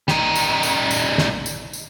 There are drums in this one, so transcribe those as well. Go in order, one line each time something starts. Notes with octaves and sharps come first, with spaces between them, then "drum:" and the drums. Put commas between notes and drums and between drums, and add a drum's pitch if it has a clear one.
G3 D#4, drum: snare
drum: tambourine
drum: tambourine
drum: tambourine
drum: snare
drum: tambourine
drum: tambourine